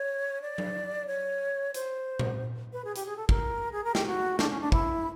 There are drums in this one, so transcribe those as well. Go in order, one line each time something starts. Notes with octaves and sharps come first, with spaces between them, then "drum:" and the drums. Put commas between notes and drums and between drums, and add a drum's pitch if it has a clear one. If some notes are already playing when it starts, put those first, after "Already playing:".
Already playing: C#5
D5
drum: tom F#3
C#5
C5, drum: hi-hat
drum: tom A#2
B4
G#4
G4, drum: hi-hat
G#4
A4
A#4, drum: kick
G#4
A#4
G4, drum: snare
F#4
D4, drum: snare
C#4
D4
E4, drum: kick